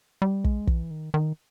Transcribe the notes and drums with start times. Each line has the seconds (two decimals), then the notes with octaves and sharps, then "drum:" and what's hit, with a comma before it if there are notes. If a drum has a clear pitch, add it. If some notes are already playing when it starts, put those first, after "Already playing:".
0.22 G3
0.44 G#3, drum: kick
0.67 E3, drum: kick
0.90 D#3
1.14 D#3